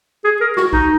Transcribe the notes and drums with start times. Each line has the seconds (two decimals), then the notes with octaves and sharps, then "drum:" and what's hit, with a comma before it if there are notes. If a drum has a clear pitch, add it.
0.24 G#4
0.41 A#4
0.57 F#4, drum: snare
0.73 D#4, drum: kick A#1